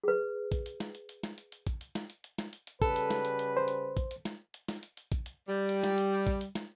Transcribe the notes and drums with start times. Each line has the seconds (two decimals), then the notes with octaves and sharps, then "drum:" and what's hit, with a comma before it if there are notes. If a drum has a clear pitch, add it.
0.04 G#4 B4
0.52 drum: kick, hi-hat
0.66 drum: hi-hat
0.80 drum: snare
0.95 drum: hi-hat
1.09 drum: hi-hat
1.23 drum: snare
1.38 drum: hi-hat
1.52 drum: hi-hat
1.67 drum: kick, hi-hat
1.81 drum: hi-hat
1.95 drum: snare
2.10 drum: hi-hat
2.24 drum: hi-hat
2.38 drum: snare
2.53 drum: hi-hat
2.67 drum: hi-hat
2.82 C#3 G3 A4 B4, drum: kick, hi-hat
2.96 drum: hi-hat
3.10 drum: snare
3.25 drum: hi-hat
3.39 drum: hi-hat
3.57 C5
3.68 drum: hi-hat
3.97 drum: kick, hi-hat
4.11 drum: hi-hat
4.25 drum: snare
4.54 drum: hi-hat
4.68 drum: snare
4.83 drum: hi-hat
4.97 drum: hi-hat
5.12 drum: kick, hi-hat
5.26 drum: hi-hat
5.48 G3
5.69 drum: hi-hat
5.84 drum: snare
5.98 drum: hi-hat
6.27 drum: kick, hi-hat
6.41 drum: hi-hat
6.55 drum: snare